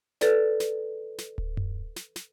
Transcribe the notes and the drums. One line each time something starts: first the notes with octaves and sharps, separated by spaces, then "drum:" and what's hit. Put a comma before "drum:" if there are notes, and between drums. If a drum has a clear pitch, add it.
A4 B4 D5, drum: snare
drum: snare
drum: snare
drum: kick D1
drum: tom F#2
drum: snare
drum: snare